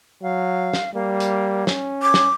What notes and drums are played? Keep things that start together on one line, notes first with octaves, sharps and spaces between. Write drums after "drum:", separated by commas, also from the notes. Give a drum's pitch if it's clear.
F#3 F5
drum: snare
G3 A#3
drum: hi-hat
C#4, drum: snare
C#5 D6
drum: snare